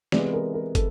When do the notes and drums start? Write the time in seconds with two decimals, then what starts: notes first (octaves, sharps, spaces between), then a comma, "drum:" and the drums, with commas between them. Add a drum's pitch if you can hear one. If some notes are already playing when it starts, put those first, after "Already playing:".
0.12 C3 E3 G#3 B3 D5, drum: snare
0.33 A#4
0.54 A#4
0.75 A4, drum: kick, hi-hat